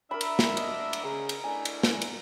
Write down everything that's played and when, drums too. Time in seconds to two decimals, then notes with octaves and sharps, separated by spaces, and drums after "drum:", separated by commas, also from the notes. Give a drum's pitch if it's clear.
0.11 D4 A#4 E5 B5
0.21 drum: cymbal
0.39 drum: snare
0.57 D#5, drum: cymbal
0.93 drum: cymbal
1.03 C#3 C#4 A#5
1.29 drum: cymbal
1.44 A3 D4 E4 G#5
1.65 drum: cymbal
1.83 drum: snare
2.02 drum: cymbal